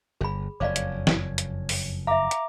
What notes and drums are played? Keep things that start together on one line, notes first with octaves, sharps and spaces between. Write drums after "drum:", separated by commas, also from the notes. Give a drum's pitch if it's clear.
G1 G#4 B5
F#1 F2 C#5 D5 F5 D6
drum: hi-hat
drum: snare
drum: hi-hat
drum: open hi-hat
E5 F5 A#5 D6
drum: hi-hat